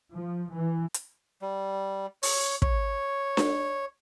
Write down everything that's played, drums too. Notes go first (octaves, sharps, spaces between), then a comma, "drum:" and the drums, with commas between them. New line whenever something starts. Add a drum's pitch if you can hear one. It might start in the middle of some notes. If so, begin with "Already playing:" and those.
F3
E3
drum: hi-hat
G3
C#5, drum: open hi-hat
C#5, drum: kick
drum: snare D4